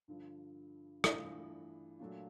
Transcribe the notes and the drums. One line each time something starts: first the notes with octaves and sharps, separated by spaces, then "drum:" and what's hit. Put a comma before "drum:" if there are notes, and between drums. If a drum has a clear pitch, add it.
G2 D3 F3
G2 E3 A3 D4 F4, drum: rim click
A#2 F#3 A3 D4 F4